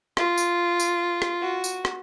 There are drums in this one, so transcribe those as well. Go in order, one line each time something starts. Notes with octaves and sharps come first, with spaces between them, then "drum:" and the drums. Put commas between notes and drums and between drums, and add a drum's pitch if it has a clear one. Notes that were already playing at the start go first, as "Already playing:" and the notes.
F4, drum: rim click
drum: tambourine
drum: tambourine
drum: rim click
F#4
drum: tambourine
drum: rim click